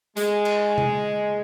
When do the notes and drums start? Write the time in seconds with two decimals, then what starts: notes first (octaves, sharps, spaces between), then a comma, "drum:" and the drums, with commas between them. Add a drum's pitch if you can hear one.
0.17 G#3, drum: hi-hat
0.45 drum: cymbal
0.78 drum: tom C3